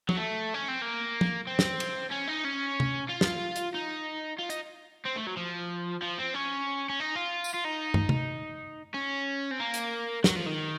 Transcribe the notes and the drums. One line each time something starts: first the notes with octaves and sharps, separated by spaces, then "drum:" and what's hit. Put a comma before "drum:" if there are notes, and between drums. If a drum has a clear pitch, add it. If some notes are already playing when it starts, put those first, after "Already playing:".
F#3, drum: tom
A3
C#4
C4
A#3
drum: tom
C4
drum: snare
drum: cymbal
C#4
D#4
C#4
drum: tom
F4
drum: snare
drum: hi-hat
D#4
F4
D#4, drum: hi-hat
C4
A3
F#3
F3
F3
C4
C#4
C#4
D#4
F4
drum: tambourine
F4
D#4
drum: tom
drum: tom
C#4
C4
A#3
drum: hi-hat
F#3, drum: snare
F3
D#3